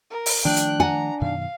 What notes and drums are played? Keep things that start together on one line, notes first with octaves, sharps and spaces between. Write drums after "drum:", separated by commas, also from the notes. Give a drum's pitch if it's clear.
A#4
drum: open hi-hat
D#3 F3 A3 D4 G5 F#6
drum: hi-hat
F#5 G#5 A#5
F#2 B2 D#3 F5